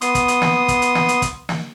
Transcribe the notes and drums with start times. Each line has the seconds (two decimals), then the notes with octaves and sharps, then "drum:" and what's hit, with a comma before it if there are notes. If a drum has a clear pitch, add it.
0.01 B3 C6 D#6, drum: hi-hat
0.15 drum: kick, hi-hat
0.28 drum: hi-hat
0.42 drum: snare
0.68 drum: kick, hi-hat
0.82 drum: hi-hat
0.95 drum: snare
1.09 drum: hi-hat
1.22 drum: kick, hi-hat
1.49 drum: snare